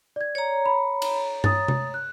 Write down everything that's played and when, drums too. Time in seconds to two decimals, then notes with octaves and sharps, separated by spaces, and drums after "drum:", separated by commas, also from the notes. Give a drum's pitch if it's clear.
0.16 D5 G#6
0.35 C#5 A#5
0.66 B5
1.02 drum: cymbal
1.44 D#6 A6, drum: tom G2
1.68 drum: tom C3
1.94 F#6